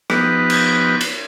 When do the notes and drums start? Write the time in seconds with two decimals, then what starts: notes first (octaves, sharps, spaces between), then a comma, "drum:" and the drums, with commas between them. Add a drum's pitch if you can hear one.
0.10 F3 B3 D#4 G4 B4, drum: rim click
0.50 drum: cymbal
1.01 drum: cymbal